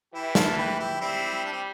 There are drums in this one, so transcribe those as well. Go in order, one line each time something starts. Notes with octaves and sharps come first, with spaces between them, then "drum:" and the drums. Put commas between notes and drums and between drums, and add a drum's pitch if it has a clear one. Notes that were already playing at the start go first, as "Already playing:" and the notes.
E3 E4 G4
F4 A4, drum: snare
G4 B4
E4 G4
G3 C4 E4
D4
C4